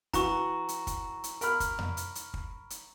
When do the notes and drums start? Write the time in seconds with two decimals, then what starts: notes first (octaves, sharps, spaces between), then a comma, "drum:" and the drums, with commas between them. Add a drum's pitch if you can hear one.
0.13 E3 F#4 A#5 C#6, drum: kick, hi-hat
0.69 drum: hi-hat
0.87 drum: kick, hi-hat
1.24 drum: hi-hat
1.41 A#4 B5 F6, drum: hi-hat
1.60 drum: kick, hi-hat
1.79 drum: tom F2
1.97 drum: hi-hat
2.15 drum: hi-hat
2.34 drum: kick
2.70 drum: hi-hat